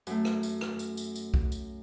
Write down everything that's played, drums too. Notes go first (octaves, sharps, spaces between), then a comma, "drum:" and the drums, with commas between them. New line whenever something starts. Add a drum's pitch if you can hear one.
F#2 A3, drum: tambourine
drum: rim click
drum: tambourine
drum: rim click
drum: tambourine
drum: tambourine
drum: tambourine
drum: kick B1
drum: tambourine